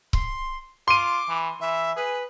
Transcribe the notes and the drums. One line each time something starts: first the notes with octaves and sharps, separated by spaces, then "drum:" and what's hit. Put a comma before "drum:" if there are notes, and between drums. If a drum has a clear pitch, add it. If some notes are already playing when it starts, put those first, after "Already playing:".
C6, drum: kick C#1
F4 C6 D6 D#7
E3
E3 E5
G#4 B4